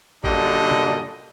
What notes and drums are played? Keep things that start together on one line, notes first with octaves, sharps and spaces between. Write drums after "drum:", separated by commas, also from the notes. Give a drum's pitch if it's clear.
F#2 A#2 D3 G3 D4 D#5, drum: kick G#1
drum: tom C3